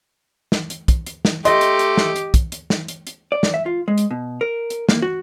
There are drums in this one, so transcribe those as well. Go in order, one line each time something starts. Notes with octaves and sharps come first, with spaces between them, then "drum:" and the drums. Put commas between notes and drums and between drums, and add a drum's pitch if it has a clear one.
drum: snare
drum: hi-hat
drum: kick, hi-hat
drum: hi-hat
drum: snare
A3 G4 D#5 C6 A#6, drum: hi-hat
drum: hi-hat
drum: hi-hat
drum: snare
drum: hi-hat
drum: kick, hi-hat
drum: hi-hat
drum: snare
drum: hi-hat
drum: hi-hat
D5
drum: snare
E5
F4
G#3
drum: hi-hat
B2
A#4
drum: hi-hat
A#3, drum: snare
F#4